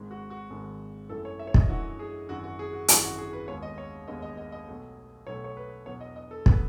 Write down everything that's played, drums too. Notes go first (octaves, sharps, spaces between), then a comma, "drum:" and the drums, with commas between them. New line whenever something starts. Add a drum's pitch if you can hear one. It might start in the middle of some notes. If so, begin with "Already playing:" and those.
Already playing: G#1 G#2 D#3 G#3
F#4
F#4
G#1 G#2 D#3 G#3
F#2 E3 A3 A4
C#5
E5
C#5
D#5, drum: kick
F#2 E3 A3 F#4
G#4
G#1 F#2 E3 F#4
F#4
G#4
F#4
G#1 F#2 E3 F#4, drum: hi-hat
F#4
G#4
B4
D#2 D#3 G#3 B3 C#5
D#5
C#5
D#2 D#3 G#3 B3 D#5
D#5
D#5
D#5
B1 B2 F#3 A3
B1 B2 F#3 A3 C#5
C#5
B4
E2 B2 F#3 B3 C#5
D#5
D#5
A4
B2 F#3 B3 B4, drum: kick